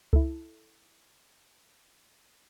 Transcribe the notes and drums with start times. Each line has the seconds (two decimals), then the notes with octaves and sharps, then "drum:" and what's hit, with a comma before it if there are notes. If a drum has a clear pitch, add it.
0.13 E4 A4, drum: kick C#2